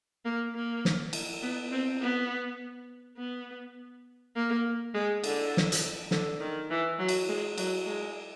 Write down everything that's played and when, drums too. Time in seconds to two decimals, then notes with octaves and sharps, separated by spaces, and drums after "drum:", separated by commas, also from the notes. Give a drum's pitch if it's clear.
0.25 A#3
0.55 A#3
0.85 drum: snare
1.13 drum: cymbal
1.43 B3
1.72 C4
2.01 B3
3.18 B3
4.36 A#3
4.94 G#3
5.24 D3, drum: cymbal
5.57 drum: snare
5.72 drum: hi-hat
6.11 D3, drum: snare
6.40 D#3
6.70 E3
6.99 F#3
7.08 drum: cymbal
7.29 G#3
7.58 F#3, drum: cymbal
7.87 G#3